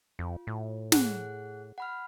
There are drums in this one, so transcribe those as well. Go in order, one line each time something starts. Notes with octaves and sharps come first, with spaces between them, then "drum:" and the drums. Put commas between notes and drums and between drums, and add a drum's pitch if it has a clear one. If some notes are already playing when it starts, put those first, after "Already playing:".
F2 F4
A2
G#4 F#5 F#6, drum: snare
F#5 B5 F6